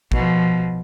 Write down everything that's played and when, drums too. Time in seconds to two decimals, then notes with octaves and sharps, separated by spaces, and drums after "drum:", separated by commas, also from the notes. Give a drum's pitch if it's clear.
0.12 B2 F3, drum: kick